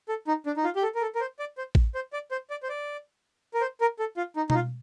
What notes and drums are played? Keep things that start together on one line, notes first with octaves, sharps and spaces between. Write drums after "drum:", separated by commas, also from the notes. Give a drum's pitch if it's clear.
A4
D#4
D4
D#4
F4
G4
A4
A#4
A4
A#4
C5
D5
C5
drum: kick A1
C5
D5
C5
D5
C5
D5
A#4
C5
A#4
A4
F4
D#4
D#4, drum: tom B2
F4